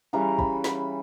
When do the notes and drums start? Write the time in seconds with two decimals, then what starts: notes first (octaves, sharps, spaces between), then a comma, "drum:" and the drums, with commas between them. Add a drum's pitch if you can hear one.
0.13 C#3 E3 G3 A#5
0.39 B5, drum: kick
0.64 B5, drum: snare